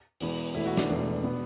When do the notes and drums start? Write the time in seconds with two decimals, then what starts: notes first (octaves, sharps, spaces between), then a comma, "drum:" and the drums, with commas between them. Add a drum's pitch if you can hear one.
0.20 E1 E2 E3 B3, drum: open hi-hat
0.55 E1 E2 E3 A3 E4
0.66 F#4
0.77 D4, drum: snare
0.88 E1 E2 B2 A3
1.24 B2 B3